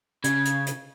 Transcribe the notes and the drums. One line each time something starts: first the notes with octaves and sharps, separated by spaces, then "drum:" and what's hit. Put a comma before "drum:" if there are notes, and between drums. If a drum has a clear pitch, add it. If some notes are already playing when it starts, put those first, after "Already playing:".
C#3 G#6, drum: hi-hat
drum: hi-hat
drum: hi-hat